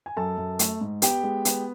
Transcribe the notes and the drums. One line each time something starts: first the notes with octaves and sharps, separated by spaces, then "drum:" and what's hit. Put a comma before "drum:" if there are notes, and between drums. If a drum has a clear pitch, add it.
G#5
F#2 A4 A5
F#2
A3, drum: hi-hat
G#2
B3 G4 G5, drum: hi-hat
G#3
B3, drum: hi-hat